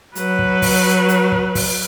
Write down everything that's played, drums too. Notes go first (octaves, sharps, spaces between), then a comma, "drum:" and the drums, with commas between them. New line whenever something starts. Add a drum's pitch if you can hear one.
F#3 B4, drum: hi-hat
drum: kick
drum: kick, open hi-hat
drum: hi-hat
drum: kick
drum: kick, open hi-hat